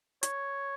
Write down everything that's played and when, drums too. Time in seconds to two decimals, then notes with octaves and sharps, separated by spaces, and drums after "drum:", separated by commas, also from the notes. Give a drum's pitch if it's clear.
0.23 C#5, drum: hi-hat